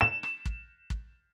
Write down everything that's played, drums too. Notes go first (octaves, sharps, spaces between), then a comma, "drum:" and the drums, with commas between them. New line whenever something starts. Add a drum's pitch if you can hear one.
E7
drum: rim click
drum: kick
drum: kick